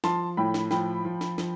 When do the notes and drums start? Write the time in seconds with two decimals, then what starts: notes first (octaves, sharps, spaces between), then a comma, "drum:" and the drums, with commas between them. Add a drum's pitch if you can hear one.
0.04 F3 A5 C6, drum: snare
0.37 A2 G5 B5
0.54 drum: snare
0.71 F3 G5 B5, drum: snare
1.05 F3
1.21 drum: snare
1.38 F3, drum: snare